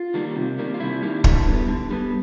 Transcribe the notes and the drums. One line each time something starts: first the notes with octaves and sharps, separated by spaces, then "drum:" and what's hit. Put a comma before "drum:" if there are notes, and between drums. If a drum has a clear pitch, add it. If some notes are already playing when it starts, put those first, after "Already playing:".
Already playing: F4
D#3 G3 A#3
C3
D#3 G3 A#3
F4
C3 E4
D#3 G3 A#3
D3, drum: kick
G3 B3
D3
G3 B3